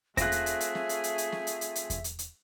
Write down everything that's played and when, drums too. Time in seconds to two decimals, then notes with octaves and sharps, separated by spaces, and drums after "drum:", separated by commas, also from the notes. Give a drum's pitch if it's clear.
0.17 A3 C4 F4 G#4 E5 F#6 A#6, drum: kick E2, hi-hat
0.32 drum: hi-hat
0.46 drum: hi-hat
0.60 drum: hi-hat
0.75 drum: snare
0.89 drum: hi-hat
1.04 drum: hi-hat
1.18 drum: hi-hat
1.32 drum: snare
1.47 drum: hi-hat
1.61 drum: hi-hat
1.75 drum: hi-hat
1.90 drum: kick E2, hi-hat
2.04 drum: hi-hat
2.19 drum: hi-hat